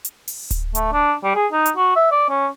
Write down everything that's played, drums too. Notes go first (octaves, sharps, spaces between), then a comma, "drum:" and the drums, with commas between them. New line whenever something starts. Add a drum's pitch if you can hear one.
drum: hi-hat
drum: open hi-hat
drum: kick D1, hi-hat
A3, drum: hi-hat
D4
G3
G#4
D#4
drum: hi-hat
F#4
E5
D5
C#4